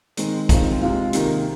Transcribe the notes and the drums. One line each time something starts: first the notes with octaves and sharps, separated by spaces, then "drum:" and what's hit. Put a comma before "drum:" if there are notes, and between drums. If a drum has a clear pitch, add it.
D#3 G#3 C4, drum: hi-hat
D#3 G#3 C4 F4, drum: kick, hi-hat
C3 G#3 F4
C3 D#3 A#3, drum: hi-hat